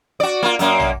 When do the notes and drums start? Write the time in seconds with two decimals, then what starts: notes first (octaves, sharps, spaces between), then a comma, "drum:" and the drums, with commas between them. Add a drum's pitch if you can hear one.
0.20 F#4 D5
0.43 A#3 F4
0.59 F#2 A#3, drum: hi-hat
0.80 drum: tom